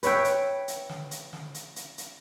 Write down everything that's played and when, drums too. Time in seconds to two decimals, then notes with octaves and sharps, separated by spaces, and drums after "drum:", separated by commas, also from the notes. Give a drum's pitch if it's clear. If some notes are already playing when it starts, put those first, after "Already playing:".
0.03 B4 C#5 E5 G5, drum: hi-hat
0.24 drum: hi-hat
0.68 drum: hi-hat
0.89 drum: snare
1.11 drum: hi-hat
1.33 drum: snare
1.54 drum: hi-hat
1.76 drum: hi-hat
1.98 drum: hi-hat